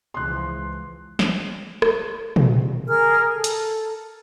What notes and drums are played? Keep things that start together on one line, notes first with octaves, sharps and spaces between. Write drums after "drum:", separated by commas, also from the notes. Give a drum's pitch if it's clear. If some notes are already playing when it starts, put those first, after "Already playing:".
C#2 E3 F3 C6 F#6
drum: snare
drum: rim click
drum: tom
G#4 A#4 F6
A4
drum: hi-hat